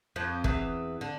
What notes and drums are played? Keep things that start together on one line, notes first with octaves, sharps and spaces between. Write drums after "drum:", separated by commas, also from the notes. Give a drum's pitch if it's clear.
F2 F3
E2 E3, drum: kick
D3